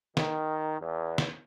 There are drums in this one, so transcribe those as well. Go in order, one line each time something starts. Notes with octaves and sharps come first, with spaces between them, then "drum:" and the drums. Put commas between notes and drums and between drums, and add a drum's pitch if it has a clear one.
D#3, drum: snare
E2
drum: snare